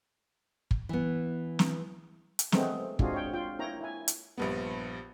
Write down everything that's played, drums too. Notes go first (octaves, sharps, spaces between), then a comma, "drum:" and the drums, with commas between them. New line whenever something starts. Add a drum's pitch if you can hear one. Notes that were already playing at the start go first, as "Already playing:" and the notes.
drum: kick
E3 B3
drum: snare
drum: hi-hat
G#3 A3 B3 C4, drum: snare
G#3 C4 D4 F4 F#4 G#4, drum: kick
C#5 G5
F4 G5
A#3 E4 C#5 G5 A#5
E4 G#5
drum: hi-hat
A#1 G2 B3